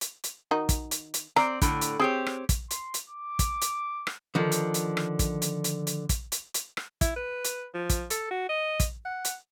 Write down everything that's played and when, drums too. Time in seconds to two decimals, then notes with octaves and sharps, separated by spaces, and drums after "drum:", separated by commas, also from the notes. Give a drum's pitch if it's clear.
0.01 drum: hi-hat
0.24 drum: hi-hat
0.51 D#3 D#4 F#4
0.69 drum: kick, hi-hat
0.91 drum: hi-hat
1.14 drum: hi-hat
1.36 C4 D5 A#5, drum: rim click
1.62 A2 D3, drum: kick, hi-hat
1.81 drum: hi-hat
1.99 C4 G4 G#4 C#5
2.26 drum: rim click
2.49 drum: kick, hi-hat
2.71 C6, drum: hi-hat
2.94 drum: hi-hat
3.10 D6
3.39 drum: kick, hi-hat
3.62 drum: hi-hat
4.07 drum: rim click
4.35 D3 D#3 F3
4.52 drum: hi-hat
4.74 drum: hi-hat
4.97 drum: rim click
5.19 drum: kick, hi-hat
5.42 drum: hi-hat
5.64 drum: hi-hat
5.87 drum: hi-hat
6.09 drum: kick, hi-hat
6.32 drum: hi-hat
6.54 drum: hi-hat
6.77 drum: rim click
7.01 E4, drum: kick, hi-hat
7.16 B4
7.45 drum: hi-hat
7.74 F3
7.90 drum: kick, hi-hat
8.10 A4, drum: hi-hat
8.31 F#4
8.49 D#5
8.80 drum: kick, hi-hat
9.05 F#5
9.25 drum: hi-hat